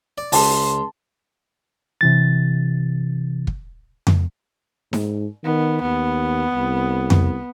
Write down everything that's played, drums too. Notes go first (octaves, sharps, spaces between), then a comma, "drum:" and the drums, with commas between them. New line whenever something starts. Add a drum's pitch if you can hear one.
D5
C#2 A5 C6, drum: open hi-hat
C3 E3 A6
drum: kick
drum: tom F2
G#2, drum: snare D#4
D#3 B3
D#2 B3
C2
drum: tom F2